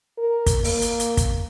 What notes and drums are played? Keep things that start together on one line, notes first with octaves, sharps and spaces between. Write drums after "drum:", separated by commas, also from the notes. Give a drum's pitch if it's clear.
A#4
drum: kick, hi-hat
A#3, drum: open hi-hat
drum: hi-hat
drum: hi-hat
drum: kick, hi-hat